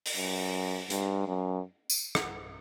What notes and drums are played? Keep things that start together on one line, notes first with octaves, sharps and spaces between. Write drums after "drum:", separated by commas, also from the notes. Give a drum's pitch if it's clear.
drum: open hi-hat
F#2
G2, drum: hi-hat
F#2
drum: tambourine
drum: rim click